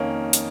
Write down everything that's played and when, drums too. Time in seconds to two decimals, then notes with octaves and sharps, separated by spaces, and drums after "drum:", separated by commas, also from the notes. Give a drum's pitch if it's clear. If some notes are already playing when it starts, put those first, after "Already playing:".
Already playing: F2 D#3 A#3 C#4
0.33 drum: hi-hat